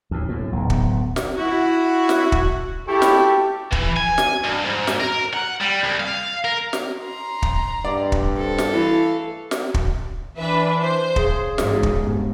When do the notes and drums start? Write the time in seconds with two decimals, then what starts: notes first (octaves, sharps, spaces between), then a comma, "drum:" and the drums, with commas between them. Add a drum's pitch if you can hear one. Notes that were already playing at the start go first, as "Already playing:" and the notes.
0.11 D2 A2
0.29 F#2 A2
0.52 D1 B1
0.70 drum: kick
1.16 drum: snare
1.36 E4 F#4
2.09 drum: snare
2.32 drum: kick
2.88 E4 G4 A4 C#6
3.02 drum: snare
3.72 E3, drum: kick
3.97 G#5
4.18 drum: snare
4.44 G2
4.65 G#2
4.87 drum: snare
5.01 A#4
5.34 F#5
5.61 G3
5.84 C2
6.00 F5
6.45 A#4
6.73 drum: snare
7.03 A#5 C6
7.42 drum: kick
7.85 G2 D5
8.12 drum: kick
8.37 C4 A4
8.58 drum: snare
8.73 E3 A3 F5
9.51 drum: snare
9.74 drum: kick
10.37 E3 D4 B4 E5
10.82 C5
11.16 C#3 G#4, drum: kick
11.58 A1 G#2, drum: snare
11.83 drum: kick
11.99 G1